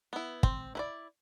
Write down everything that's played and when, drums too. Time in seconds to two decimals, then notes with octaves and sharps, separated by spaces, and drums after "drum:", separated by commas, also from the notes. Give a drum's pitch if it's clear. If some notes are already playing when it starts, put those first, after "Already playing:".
0.13 B3 E4
0.43 C4, drum: kick
0.75 E4 B4 D5